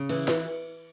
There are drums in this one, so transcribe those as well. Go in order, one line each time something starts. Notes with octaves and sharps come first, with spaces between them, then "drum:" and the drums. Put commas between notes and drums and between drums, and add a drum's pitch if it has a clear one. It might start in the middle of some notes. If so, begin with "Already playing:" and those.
Already playing: C#3
E3, drum: cymbal
E3, drum: snare